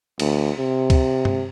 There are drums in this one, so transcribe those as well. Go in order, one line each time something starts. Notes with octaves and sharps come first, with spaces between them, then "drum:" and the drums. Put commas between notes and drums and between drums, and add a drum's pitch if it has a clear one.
D2, drum: cymbal
C3
drum: kick, cymbal
drum: tom G2